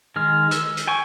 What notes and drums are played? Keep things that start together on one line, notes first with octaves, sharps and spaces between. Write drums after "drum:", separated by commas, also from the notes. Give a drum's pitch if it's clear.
D#3 G#3 F6
E6, drum: hi-hat
drum: hi-hat
G5 G#5 C#6